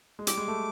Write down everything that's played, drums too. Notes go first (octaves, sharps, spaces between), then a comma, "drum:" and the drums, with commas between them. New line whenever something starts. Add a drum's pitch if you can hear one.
G#3
G3 D6, drum: hi-hat
G#3
A3